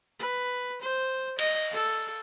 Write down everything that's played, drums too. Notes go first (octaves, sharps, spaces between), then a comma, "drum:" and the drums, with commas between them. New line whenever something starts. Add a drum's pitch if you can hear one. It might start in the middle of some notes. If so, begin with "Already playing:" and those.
B4
C5
D#5, drum: cymbal
A4